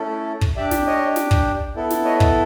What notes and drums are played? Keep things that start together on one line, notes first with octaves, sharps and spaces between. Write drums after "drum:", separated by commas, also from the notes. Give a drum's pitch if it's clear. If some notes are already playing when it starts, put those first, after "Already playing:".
Already playing: A3 C#4 E4 A4
drum: kick
D4 G4 D5 E5
drum: snare
C#5 D#5
drum: snare
drum: kick
B3 E4 A4
drum: snare
C#5 D#5
drum: kick